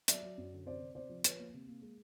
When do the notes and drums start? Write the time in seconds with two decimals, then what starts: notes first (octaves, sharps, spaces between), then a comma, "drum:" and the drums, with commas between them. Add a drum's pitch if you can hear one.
0.08 F#3 D5 E5, drum: hi-hat
0.22 F#3
0.38 F#2
0.52 D3
0.66 C3 C5 D5
0.81 C3
0.95 C3 C5 D5
1.09 F3
1.24 F3 B4 C#5, drum: hi-hat
1.39 A#3
1.54 C3
1.68 A#3
1.82 G#3